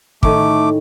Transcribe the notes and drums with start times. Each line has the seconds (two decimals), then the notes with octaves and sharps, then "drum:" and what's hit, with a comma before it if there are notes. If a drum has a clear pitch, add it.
0.23 A2 D#3 A3 C#4 D6, drum: kick